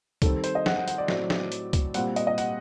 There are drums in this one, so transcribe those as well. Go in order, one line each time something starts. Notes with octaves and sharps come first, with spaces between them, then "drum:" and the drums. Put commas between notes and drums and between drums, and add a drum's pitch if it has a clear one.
D#3 G3 C4 A4, drum: kick, hi-hat
C5, drum: hi-hat
D#5
F#5, drum: snare
F#5
F#5, drum: hi-hat
D5
A2 F#3 A3 C4, drum: snare
drum: snare
drum: hi-hat
drum: kick, hi-hat
A#2 G3 C4 F#5, drum: hi-hat
D#5, drum: hi-hat
D#5
F#5, drum: hi-hat